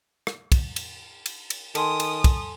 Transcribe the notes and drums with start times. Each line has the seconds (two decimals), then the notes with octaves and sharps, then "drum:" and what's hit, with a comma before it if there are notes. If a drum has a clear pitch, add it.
0.27 drum: rim click
0.52 drum: kick, cymbal
0.76 drum: cymbal
1.26 drum: cymbal
1.50 drum: cymbal
1.75 D#3 A4 G#5 A5 C6 D#6, drum: cymbal
2.00 drum: cymbal
2.24 drum: kick, cymbal